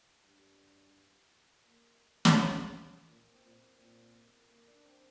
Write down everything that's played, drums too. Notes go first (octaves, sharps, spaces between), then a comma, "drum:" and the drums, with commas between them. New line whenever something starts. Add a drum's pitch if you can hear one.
G2
A#3
drum: snare
A#2 A#3
C4
A#2
A#3
A#2 C4
A#3
A#3
A#3
D4
C4